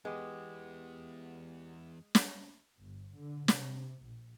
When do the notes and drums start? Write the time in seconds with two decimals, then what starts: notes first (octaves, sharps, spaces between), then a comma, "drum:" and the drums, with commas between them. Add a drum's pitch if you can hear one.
0.05 E2 G#3 B3 G4
2.15 drum: snare
2.79 G1
3.15 D3
3.48 C3, drum: snare
4.03 A#1